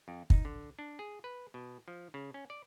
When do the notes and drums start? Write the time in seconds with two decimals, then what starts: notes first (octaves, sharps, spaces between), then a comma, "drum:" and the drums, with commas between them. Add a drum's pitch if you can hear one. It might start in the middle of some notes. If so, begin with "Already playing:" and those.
0.08 F2
0.30 D#4, drum: kick
0.45 D3
0.79 D4
0.99 G#4
1.24 B4
1.54 B2
1.88 F3
2.14 C#3
2.34 C#4
2.50 D5